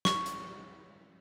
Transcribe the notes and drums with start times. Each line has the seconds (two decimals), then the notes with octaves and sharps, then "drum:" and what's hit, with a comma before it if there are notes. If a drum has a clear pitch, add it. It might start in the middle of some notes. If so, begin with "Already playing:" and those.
0.05 C#6, drum: snare
0.26 drum: hi-hat